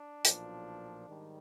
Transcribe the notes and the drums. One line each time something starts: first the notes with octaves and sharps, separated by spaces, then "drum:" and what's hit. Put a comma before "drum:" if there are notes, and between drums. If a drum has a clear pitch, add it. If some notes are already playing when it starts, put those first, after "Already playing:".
Already playing: D4
B1 A#2 F3, drum: hi-hat
G#2 D#3 G3